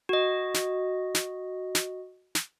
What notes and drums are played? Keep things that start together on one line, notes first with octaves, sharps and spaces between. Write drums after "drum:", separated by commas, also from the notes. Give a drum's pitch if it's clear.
F#4 D#5
drum: snare
drum: snare
drum: snare
drum: snare